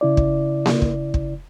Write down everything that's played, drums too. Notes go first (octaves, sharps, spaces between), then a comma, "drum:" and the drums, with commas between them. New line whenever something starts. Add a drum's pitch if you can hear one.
C#3 E4 D5
drum: kick
drum: snare A#3
drum: kick
drum: kick